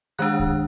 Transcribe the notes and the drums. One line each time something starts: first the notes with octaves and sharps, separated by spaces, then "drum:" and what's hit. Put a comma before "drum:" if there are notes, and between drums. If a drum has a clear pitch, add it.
D#3 G#3 D4 F#6
drum: kick A#1